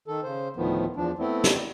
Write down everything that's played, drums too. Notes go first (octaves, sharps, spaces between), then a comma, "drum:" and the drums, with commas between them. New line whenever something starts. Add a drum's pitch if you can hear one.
D#3 A4
C#3 C5
D2 A2 D#3 F3 B3
E2 F3 D4
A3 B3 C4 E4
drum: snare